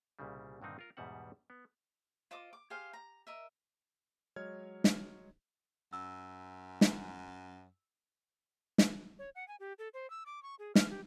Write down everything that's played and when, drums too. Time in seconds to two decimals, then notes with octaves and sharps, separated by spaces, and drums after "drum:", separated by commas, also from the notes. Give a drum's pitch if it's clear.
0.19 C2 A#2 C#3 G3
0.61 G2 A#2 D3 D#3 C4 D#4
0.79 F4 A#4
0.97 E2 G#2 B2 G3 E5 F#5
1.50 B3
2.31 F4 C5 D#5 D6
2.53 D6
2.70 G4 G#4 C5 F5
2.93 A#5
3.27 A#4 D#5 E5
4.36 F#3 G#3 C#5 D#5 F6 G#6
4.84 drum: snare
5.93 F#2 E6
6.81 drum: snare
8.78 drum: snare
9.19 C#5
9.35 F#5
9.48 G#5
9.60 G4
9.79 A4
9.94 C5
10.10 E6
10.26 D6
10.43 C#6
10.59 G#4
10.75 F6, drum: snare
10.90 G4